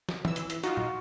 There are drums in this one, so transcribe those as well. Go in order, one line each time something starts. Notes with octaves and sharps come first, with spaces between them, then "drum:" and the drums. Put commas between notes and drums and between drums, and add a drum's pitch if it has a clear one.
drum: snare
E3 E6, drum: tom
drum: hi-hat
drum: hi-hat
D#4 F4 F#4, drum: hi-hat
drum: tom